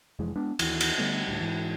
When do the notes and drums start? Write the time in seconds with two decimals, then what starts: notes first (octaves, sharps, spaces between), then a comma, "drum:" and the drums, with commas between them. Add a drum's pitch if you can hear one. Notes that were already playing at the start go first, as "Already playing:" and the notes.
0.19 F1 F2 E3 G#3
0.36 G#3 B3 D4
0.59 D#2 E3, drum: cymbal
0.81 drum: cymbal
0.98 D3 G3 A3 B3
1.27 D2 A2 G3
1.41 G#2 E3